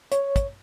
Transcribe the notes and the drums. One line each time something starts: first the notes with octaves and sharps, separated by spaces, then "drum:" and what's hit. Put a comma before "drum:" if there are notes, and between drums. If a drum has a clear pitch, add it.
C#5, drum: hi-hat
drum: kick, hi-hat